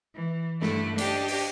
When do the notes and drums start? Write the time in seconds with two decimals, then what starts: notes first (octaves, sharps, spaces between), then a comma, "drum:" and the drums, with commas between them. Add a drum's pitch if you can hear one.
0.16 E3
0.61 G2 D3 A3 E4, drum: snare
0.98 D4 G4 D#5, drum: cymbal
1.28 drum: open hi-hat